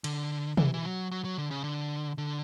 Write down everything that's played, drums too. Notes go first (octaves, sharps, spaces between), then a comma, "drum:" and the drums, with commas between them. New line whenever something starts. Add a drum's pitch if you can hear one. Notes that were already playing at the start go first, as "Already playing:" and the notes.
D3, drum: cymbal
E3, drum: tom
E3
F#3
F#3
F#3
D3
C#3
D3
D3